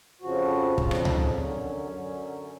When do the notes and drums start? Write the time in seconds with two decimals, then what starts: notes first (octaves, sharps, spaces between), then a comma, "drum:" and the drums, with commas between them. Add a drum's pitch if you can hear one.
0.21 F2 C#3 F3 F#4
0.78 F2 C#3 F3 F4, drum: kick
0.91 D4, drum: rim click
1.05 D#4, drum: tom C#2
1.20 C#4
1.34 F#2 D3 F#3
1.89 F#2 D3 F#3